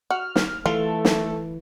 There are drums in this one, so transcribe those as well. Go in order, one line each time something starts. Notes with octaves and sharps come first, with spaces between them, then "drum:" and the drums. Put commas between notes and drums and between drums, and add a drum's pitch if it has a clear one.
F#4 F6
drum: snare
E3 A3 F4 A4
drum: snare